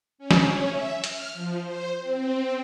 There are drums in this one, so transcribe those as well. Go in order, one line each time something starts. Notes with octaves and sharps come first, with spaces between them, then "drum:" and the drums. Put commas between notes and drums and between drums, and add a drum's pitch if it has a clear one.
C#4
drum: snare
E5
F6, drum: hi-hat
F3
C5
C4